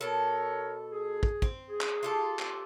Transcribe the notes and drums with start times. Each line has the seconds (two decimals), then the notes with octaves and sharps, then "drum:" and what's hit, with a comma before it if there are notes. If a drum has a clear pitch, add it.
0.01 B2 A4 A#4 C#5
0.91 G#4
1.23 drum: kick
1.42 C4, drum: kick
1.69 G#4
1.81 drum: clap
2.03 F4 G4 A4
2.39 drum: clap